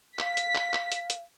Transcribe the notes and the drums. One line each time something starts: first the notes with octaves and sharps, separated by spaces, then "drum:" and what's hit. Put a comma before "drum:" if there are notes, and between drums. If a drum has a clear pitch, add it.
F5 B6, drum: clap
drum: hi-hat
drum: clap
drum: clap
drum: hi-hat
drum: hi-hat